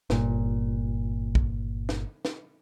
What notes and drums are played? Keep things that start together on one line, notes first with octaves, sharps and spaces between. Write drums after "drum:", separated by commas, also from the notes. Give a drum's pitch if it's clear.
G1 A#2, drum: snare
drum: kick
drum: snare
drum: snare